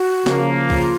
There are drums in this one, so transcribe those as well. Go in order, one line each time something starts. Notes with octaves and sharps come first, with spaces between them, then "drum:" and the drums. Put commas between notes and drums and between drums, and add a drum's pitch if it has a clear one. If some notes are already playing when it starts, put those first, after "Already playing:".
Already playing: F#4
C#3 F3 A#3, drum: snare
F4, drum: kick